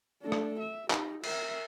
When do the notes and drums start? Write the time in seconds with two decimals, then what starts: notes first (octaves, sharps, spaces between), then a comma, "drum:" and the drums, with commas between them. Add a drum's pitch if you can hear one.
0.22 A3 D4
0.32 drum: rim click
0.59 E5
0.90 D#4 G4, drum: clap
1.24 A#4 E5, drum: cymbal